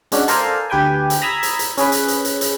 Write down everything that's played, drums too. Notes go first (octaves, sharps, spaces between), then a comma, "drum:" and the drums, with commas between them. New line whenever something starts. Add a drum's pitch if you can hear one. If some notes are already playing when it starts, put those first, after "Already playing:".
G#3 C#4 D4 F#4, drum: hi-hat
A4 A#4 C5 D5 F5 G#5, drum: hi-hat
D2 G4 B4 G5 G#5
drum: hi-hat
A#5 B5 D#6 E6 G#6
drum: hi-hat
drum: hi-hat
C#4 G#4 B4, drum: hi-hat
drum: hi-hat
drum: hi-hat
drum: hi-hat
drum: hi-hat